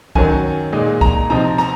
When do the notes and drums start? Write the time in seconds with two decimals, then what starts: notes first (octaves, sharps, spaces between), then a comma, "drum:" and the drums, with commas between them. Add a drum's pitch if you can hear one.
0.15 F#2 D#3 F#3 G#5, drum: kick
0.72 A#2 G#3 D#4
1.01 A#5, drum: kick
1.30 C3 F3 C4 D#4 A#5
1.58 A#5, drum: rim click